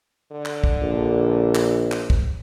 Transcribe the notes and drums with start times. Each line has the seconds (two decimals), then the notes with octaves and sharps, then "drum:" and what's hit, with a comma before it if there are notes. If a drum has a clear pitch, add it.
0.32 D3
0.45 drum: clap
0.64 drum: kick
0.82 A#1
1.55 drum: clap
1.92 drum: clap
2.10 drum: kick